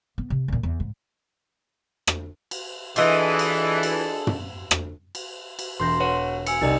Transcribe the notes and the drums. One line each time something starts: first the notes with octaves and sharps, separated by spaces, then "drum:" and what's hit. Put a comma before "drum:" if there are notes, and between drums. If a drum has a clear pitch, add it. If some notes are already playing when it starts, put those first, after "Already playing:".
B3
C3
E2 A#2
E2
G#2
drum: rim click
drum: cymbal
E3 D4 F4 G#4 A4 D#5, drum: cymbal
drum: cymbal
drum: cymbal
drum: tom
drum: rim click
drum: cymbal
drum: cymbal
E1 C6 G6 A#6
B4 C#5 F#5
G#5 E6 C#7, drum: cymbal
C2 D#4 D5 D#5